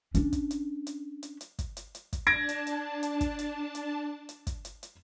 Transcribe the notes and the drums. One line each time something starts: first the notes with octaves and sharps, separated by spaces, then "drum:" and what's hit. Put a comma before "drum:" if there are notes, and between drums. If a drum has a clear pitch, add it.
C#4 D4, drum: hi-hat
drum: kick, hi-hat
drum: hi-hat
drum: hi-hat
drum: hi-hat
drum: hi-hat
drum: kick, hi-hat
drum: hi-hat
drum: hi-hat
drum: kick, hi-hat
D4 A5 G#6 A#6 D7
drum: hi-hat
drum: hi-hat
drum: hi-hat
drum: kick, hi-hat
drum: hi-hat
drum: hi-hat
drum: hi-hat
drum: kick, hi-hat
drum: hi-hat
drum: hi-hat